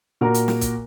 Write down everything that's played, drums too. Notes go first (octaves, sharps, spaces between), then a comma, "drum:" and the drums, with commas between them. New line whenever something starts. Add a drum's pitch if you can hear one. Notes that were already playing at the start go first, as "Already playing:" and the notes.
A#2 F#4 A#4 A#5
drum: hi-hat
drum: snare
drum: kick, hi-hat